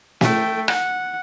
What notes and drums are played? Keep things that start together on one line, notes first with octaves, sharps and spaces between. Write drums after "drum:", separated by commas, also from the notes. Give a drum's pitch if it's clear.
A3 G5, drum: snare
F#5, drum: rim click